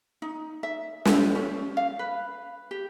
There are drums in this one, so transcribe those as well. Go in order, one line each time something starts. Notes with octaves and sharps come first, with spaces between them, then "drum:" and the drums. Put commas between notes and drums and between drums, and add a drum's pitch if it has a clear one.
D#4
E5
G4, drum: snare
C#4
F5
B4
G4